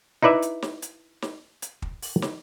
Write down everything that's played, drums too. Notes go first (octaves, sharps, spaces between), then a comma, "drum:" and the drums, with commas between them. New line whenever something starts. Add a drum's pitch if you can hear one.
D#4 E4 B4 D5 E5
drum: hi-hat
drum: snare
drum: hi-hat
drum: snare
drum: hi-hat
drum: kick
drum: open hi-hat
drum: snare